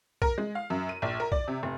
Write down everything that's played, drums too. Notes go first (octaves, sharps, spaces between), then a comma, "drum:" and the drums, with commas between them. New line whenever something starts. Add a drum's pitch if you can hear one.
A#4, drum: kick
G#3
F5
F#2
D#7
A#1
A#4
D5, drum: kick
C3
F1